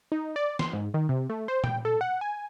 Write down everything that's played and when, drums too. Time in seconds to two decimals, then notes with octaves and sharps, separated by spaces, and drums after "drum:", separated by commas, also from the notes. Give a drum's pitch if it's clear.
0.12 D#4
0.36 D5
0.59 C6, drum: snare
0.73 G#2
0.94 D#3
1.09 C3
1.30 A3
1.48 C5
1.64 G5, drum: tom A#2
1.85 A4
2.01 F#5
2.21 G#5